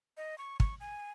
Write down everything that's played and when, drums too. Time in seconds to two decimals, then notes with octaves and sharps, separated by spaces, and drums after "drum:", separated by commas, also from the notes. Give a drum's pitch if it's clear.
0.17 D#5
0.38 C#6
0.60 C#6, drum: kick
0.80 G#5